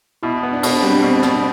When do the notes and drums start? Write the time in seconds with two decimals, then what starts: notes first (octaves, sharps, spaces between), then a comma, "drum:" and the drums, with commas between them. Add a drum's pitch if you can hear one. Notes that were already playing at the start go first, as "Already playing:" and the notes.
0.23 B2 E4
0.43 B3
0.53 D4
0.63 B2, drum: cymbal
0.82 G3 C4
1.03 B2
1.23 B2, drum: snare